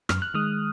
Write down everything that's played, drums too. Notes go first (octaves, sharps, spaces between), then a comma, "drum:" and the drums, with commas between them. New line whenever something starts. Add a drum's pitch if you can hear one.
F#2 F6, drum: rim click
F#6
D#3 G#3 D#6 F6